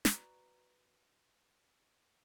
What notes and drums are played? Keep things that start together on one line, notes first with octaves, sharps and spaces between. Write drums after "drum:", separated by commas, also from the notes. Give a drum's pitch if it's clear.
F#4 B4 D5 A#5, drum: snare